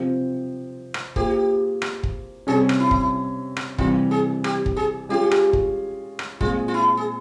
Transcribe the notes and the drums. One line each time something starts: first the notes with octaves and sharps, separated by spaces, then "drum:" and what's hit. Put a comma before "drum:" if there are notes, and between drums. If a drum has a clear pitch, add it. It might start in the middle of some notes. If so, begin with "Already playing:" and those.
Already playing: C3 F3 C4 G4
drum: rim click
A#3 F4 G4 G#4 C5, drum: kick
drum: rim click
drum: kick
C3 G3 C#4 G#4
drum: rim click
E4
drum: kick
drum: rim click
C3 E3 G3 F4, drum: kick
G#4
G4, drum: rim click
drum: kick
G#4
G#3 C#4 F4 G4
drum: rim click
drum: kick
drum: rim click
A#2 G#3 C4 F4, drum: kick
F4
E4
G#4